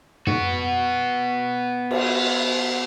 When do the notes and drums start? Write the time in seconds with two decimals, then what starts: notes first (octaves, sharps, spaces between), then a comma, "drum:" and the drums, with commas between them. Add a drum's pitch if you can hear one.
0.27 B3 F#4, drum: tom
1.91 drum: cymbal